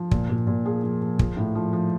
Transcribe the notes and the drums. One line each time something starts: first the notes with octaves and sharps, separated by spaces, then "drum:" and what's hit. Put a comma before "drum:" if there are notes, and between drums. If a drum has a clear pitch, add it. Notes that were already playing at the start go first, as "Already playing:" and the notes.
Already playing: F3
A#2, drum: kick
A#2
A#2
F3 G#4
F3
F3
F3, drum: kick
A2
F3
F3